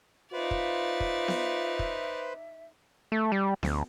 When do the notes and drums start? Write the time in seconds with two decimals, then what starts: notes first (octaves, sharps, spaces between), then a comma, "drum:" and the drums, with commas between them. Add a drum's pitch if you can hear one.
0.33 D#4 F4 B4 C5 D5 E5
0.51 drum: kick
1.00 drum: kick
1.28 drum: snare B3
1.79 drum: kick
3.12 A3
3.32 G3
3.63 D2, drum: snare B3